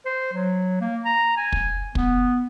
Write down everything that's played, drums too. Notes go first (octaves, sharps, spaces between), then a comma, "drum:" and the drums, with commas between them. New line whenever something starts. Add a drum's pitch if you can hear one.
C5
F#3
A#3
A#5
G#5
drum: kick
B3, drum: kick